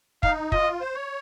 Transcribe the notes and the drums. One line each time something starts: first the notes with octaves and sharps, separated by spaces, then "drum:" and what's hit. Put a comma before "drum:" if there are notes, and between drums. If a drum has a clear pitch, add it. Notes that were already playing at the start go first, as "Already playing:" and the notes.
D#4 F5, drum: kick
F4 D#5, drum: kick
C5
C#5